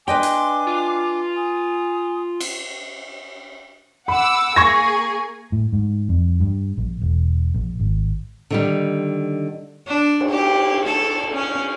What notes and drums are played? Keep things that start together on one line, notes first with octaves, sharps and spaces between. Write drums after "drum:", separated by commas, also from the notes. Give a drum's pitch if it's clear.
D4 B4 D#5 G5 G#5 C6 D6
drum: hi-hat
F4
G#5 D#6
drum: cymbal
F#5 B5 D6 E6
A#3 G#4 C#6 G#6 A#6
A2
G#2
F2
G2
A#1
E1
A#1
G#1
D3 D#3 G3
D4
drum: cymbal
G4
A4, drum: snare
C#4